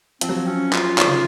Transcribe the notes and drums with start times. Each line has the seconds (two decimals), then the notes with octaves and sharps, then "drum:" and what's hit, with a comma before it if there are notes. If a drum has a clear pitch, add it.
0.21 F3 C4, drum: hi-hat
0.29 F#3
0.37 F3
0.47 C#4
0.73 F4, drum: clap
0.98 D#3, drum: clap
1.08 C#3